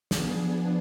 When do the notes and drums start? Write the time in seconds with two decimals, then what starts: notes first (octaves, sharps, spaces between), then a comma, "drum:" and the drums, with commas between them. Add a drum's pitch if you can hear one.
0.11 F3 B3 D4 G#4, drum: snare